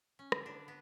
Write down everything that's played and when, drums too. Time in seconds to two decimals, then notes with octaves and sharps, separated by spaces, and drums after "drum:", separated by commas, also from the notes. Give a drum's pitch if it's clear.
0.19 C#4
0.32 D3, drum: rim click
0.46 D4
0.68 B3